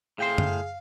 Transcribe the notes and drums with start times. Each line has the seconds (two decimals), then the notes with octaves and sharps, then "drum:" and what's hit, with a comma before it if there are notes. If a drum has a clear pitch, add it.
0.18 A2 G#4 F5 G5 C6
0.38 drum: tom F#2